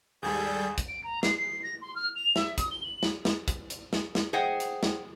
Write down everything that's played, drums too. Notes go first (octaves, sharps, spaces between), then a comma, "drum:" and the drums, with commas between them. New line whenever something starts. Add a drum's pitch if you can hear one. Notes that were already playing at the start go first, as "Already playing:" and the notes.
D#2 G#2 G3 G#4 A4 G6
drum: kick, hi-hat
D7
A#5
C7, drum: snare
C7
A#6
C6
F6
F7
E5, drum: snare
D#6, drum: kick, hi-hat
G7
F#7
drum: snare
drum: snare
drum: kick, hi-hat
drum: hi-hat
drum: snare
drum: snare
G#4 C5 D#5 F#5 G5
drum: hi-hat
drum: snare